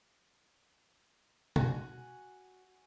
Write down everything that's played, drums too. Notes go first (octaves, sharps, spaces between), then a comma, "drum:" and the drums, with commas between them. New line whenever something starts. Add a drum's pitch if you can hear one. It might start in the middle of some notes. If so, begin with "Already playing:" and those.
F#4 G#5, drum: tom